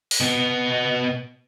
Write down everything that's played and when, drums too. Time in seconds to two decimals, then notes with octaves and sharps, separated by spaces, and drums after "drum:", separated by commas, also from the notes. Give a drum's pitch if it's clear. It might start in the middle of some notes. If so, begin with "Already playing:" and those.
0.11 drum: open hi-hat
0.20 B2 B3